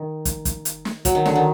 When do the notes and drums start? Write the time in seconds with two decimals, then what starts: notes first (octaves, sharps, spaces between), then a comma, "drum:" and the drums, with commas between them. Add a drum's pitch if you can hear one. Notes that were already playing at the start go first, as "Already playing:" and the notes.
Already playing: D#3
0.25 drum: kick, hi-hat
0.45 drum: kick, hi-hat
0.65 drum: hi-hat
0.85 drum: snare
1.05 F#3, drum: kick, hi-hat
1.15 D#3
1.26 D3, drum: snare
1.35 D#3